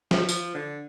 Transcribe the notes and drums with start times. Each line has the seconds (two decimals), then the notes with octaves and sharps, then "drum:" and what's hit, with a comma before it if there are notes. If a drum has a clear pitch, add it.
0.11 F3, drum: snare
0.29 F3, drum: tambourine
0.55 D3